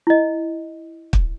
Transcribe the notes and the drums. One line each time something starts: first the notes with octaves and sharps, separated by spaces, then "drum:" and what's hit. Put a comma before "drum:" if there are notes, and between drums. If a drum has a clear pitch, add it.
E4 D#5
drum: kick